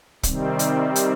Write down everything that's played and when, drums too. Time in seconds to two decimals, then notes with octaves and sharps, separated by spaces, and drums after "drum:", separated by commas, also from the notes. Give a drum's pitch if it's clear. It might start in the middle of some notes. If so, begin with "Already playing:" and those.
0.23 C3 D#3 G3 C4, drum: kick, hi-hat
0.59 drum: hi-hat
0.96 drum: hi-hat